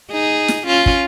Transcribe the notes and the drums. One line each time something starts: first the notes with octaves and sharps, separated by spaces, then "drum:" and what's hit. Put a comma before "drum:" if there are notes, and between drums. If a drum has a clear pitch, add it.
D#4 G#4
drum: snare
C#4 F4
drum: kick